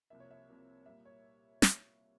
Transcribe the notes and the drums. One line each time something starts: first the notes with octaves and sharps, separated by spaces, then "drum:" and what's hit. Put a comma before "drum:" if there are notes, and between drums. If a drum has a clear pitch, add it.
C2 C3 F3 A#3 E5
C#5
E5
C2 C3 F3 A#3
A#2 G3 A#3 E5
C#5
drum: snare